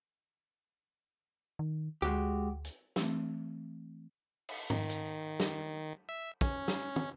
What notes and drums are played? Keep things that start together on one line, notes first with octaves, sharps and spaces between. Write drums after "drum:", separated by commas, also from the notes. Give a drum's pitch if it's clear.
D#3
D2 G#3 F#4 G4
drum: hi-hat
E3 A3 C4, drum: snare
drum: cymbal
D#3, drum: tom G#2
drum: hi-hat
drum: snare
E5
C#4, drum: kick
drum: snare
drum: tom